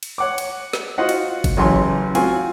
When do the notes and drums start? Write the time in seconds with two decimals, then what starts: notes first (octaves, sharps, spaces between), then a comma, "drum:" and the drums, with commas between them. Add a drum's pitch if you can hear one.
0.03 drum: cymbal
0.18 C#5 F#5 D6
0.38 drum: cymbal
0.73 drum: snare
0.98 F4 F#4 C5 D#5 F#5
1.09 drum: cymbal
1.44 drum: kick G1, cymbal
1.57 A1 F#2 A2 C#3 E3 C6
2.15 C4 F4 F#4 G#5, drum: cymbal